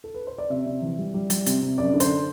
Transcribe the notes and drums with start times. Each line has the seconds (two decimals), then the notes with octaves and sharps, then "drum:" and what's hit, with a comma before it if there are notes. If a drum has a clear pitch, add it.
0.04 A4
0.15 B4
0.27 C5
0.38 D5
0.50 C3 E5
0.66 C3
0.82 E3
0.98 G3
1.14 G3
1.30 G3, drum: hi-hat
1.46 C3, drum: hi-hat
1.62 C3
1.78 F#2 D5
1.94 D3
2.00 C5, drum: hi-hat